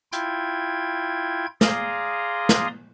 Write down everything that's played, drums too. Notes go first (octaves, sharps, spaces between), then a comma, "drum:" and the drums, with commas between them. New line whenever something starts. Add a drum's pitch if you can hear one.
E4 F4 G5 G#6, drum: hi-hat
G#4 D5 F5 A#5 C6 D#6, drum: snare
drum: snare